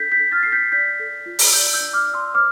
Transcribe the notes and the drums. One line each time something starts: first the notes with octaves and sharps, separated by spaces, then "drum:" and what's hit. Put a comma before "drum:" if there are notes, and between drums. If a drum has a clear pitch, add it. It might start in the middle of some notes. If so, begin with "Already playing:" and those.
Already playing: D4 A4 G6 B6
G6 B6
A4
F6 A6
A4 C7
G6 B6
D5 G6 B6
A4
F4
drum: open hi-hat
D5 E6 G6
E6 G6
D4
D6 F6
D5
C6 E6
C5 D6 F6